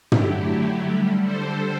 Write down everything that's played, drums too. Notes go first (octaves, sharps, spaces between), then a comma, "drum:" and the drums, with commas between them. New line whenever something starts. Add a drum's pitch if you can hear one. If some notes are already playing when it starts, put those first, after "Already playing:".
D3 F#3 A3 E4 G4, drum: tom
D3 G3
A4 C5